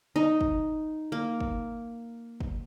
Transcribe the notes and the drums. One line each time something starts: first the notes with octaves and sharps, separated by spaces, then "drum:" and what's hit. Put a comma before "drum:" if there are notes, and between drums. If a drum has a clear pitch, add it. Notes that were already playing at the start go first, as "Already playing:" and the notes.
D#4
drum: kick
A#3
drum: kick
drum: kick